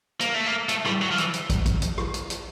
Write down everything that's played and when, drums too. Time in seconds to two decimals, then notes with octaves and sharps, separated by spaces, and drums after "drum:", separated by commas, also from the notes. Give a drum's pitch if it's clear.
0.21 A#3, drum: hi-hat
0.34 A3
0.47 A#3
0.69 A3, drum: hi-hat
0.86 G3, drum: rim click
1.02 F#3
1.11 F3
1.18 E3, drum: hi-hat
1.34 drum: hi-hat
1.50 drum: kick, hi-hat
1.66 drum: kick, hi-hat
1.82 drum: hi-hat
1.98 drum: rim click
2.14 drum: hi-hat
2.30 drum: hi-hat